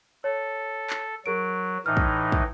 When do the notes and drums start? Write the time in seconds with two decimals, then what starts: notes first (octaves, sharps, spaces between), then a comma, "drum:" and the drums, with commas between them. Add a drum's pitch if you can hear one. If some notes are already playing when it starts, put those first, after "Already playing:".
0.24 A4 C#5
0.90 drum: clap
1.26 F#3 G#4 A#4 D7
1.86 A2 E3 D#4 F6
1.97 drum: kick
2.32 drum: kick